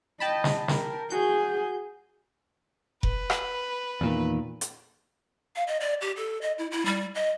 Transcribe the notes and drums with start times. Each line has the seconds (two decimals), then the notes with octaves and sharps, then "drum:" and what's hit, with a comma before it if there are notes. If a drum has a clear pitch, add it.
0.20 D#5 G5 A5 B5
0.44 drum: snare
0.68 A#4, drum: snare
1.10 F#4 G#4 G6
3.03 B4, drum: kick F1
3.30 drum: rim click
4.01 E2 A#2 D#3
4.61 drum: hi-hat
5.56 F5
5.67 D#5
5.81 D5
6.01 G4
6.17 A4
6.42 D#5
6.58 E4
6.72 E4
6.86 G3
7.15 D#5